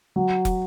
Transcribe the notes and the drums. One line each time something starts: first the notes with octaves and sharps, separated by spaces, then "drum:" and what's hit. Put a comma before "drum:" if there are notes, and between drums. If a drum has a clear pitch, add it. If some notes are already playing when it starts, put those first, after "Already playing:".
F#3
drum: kick, hi-hat